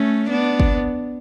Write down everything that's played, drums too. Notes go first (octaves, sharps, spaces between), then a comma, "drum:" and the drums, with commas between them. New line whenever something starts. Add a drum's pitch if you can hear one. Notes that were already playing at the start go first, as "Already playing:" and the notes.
Already playing: A3 C#4
B3 D4
drum: kick